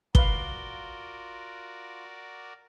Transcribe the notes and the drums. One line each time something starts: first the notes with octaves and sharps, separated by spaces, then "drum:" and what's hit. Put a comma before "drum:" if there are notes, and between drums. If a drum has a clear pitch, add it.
F4 F#4 A#4 B4 D5 F5 G7, drum: kick